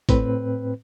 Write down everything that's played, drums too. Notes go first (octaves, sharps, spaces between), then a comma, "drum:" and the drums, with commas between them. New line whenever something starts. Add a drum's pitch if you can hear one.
A2 C4 B4, drum: kick, hi-hat